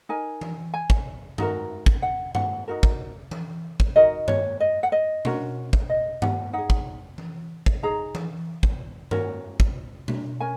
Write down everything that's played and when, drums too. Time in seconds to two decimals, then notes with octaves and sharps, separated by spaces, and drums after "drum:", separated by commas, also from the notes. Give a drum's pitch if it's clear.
0.09 D#4 A#4 G#5
0.41 drum: tom E3
0.74 G#5
0.90 drum: kick
1.38 D#4 F#4 A#4, drum: tom G2
1.86 drum: kick
2.02 F#5
2.35 F#5, drum: tom G2
2.68 D#4 F#4 A#4
2.83 drum: kick
3.31 drum: tom E3
3.80 drum: kick
3.96 D#4 F#4 A#4 D#5
4.28 C#5, drum: tom G2
4.60 D#5
4.83 F#5
4.92 D#5
5.25 C#4 F#4 A#4, drum: tom
5.73 drum: kick
5.90 D#5
6.22 F#5, drum: tom G2
6.53 D#4 G#4 F#5
6.70 drum: kick
7.18 drum: tom E3
7.66 drum: kick
7.83 D#4 G#4 A#5
8.15 drum: tom E3
8.63 drum: kick
9.11 C#4 F#4 A#4, drum: tom G2
9.60 drum: kick
10.08 drum: tom
10.40 C#4 A#4 G#5